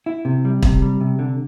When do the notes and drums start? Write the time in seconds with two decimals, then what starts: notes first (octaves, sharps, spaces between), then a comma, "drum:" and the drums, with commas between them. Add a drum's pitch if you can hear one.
0.06 E4
0.25 C3
0.45 G3
0.63 C3, drum: kick
0.82 G3
1.01 C3
1.19 D3